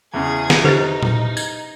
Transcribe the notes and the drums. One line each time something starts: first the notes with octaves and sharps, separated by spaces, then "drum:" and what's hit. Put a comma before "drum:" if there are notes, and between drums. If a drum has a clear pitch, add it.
E2 C#3 G#4 G#6
drum: snare
D3 D#4 G4 B4 C5 A6
drum: tom A#2
G#6, drum: tambourine